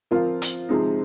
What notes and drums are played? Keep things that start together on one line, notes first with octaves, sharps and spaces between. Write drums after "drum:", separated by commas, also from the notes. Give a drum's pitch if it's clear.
F3 C4 F4 A#4
drum: hi-hat
C3 F3 G#3 C4 D#4